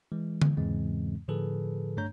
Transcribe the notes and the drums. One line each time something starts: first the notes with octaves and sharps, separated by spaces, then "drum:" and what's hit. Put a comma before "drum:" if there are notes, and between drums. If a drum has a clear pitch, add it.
E3 G#3
drum: tom D3
E2 G#2 C#3 E3 G#3 C4
A2 D3 F3 G#4 A4 B4
G2 A3 D4 C#5 A#5 G6